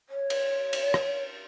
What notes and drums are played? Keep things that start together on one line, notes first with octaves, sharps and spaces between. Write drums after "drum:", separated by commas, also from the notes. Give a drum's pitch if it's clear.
C#5
drum: cymbal
drum: cymbal
drum: rim click